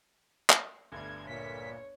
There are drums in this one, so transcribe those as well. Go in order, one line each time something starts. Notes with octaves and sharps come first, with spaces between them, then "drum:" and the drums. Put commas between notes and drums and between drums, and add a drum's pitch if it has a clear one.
drum: clap
G1 D2 G2 G#6
A#2 C#5 B6